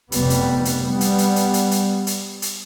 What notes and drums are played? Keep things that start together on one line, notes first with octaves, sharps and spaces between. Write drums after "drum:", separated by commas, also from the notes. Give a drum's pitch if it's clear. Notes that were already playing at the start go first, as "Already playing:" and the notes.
F1 F2 C3 G3 B3, drum: hi-hat
drum: hi-hat
drum: hi-hat
G3 B3
drum: hi-hat
drum: hi-hat
drum: hi-hat
drum: hi-hat
drum: hi-hat
drum: hi-hat
drum: hi-hat